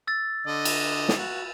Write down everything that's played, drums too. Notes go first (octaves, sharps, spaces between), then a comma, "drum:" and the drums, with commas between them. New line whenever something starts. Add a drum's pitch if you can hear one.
E6 A6
D3 D#5
drum: cymbal
drum: snare
F#4